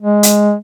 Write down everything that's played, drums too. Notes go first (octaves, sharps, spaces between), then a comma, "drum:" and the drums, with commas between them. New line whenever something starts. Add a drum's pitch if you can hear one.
G#3
drum: hi-hat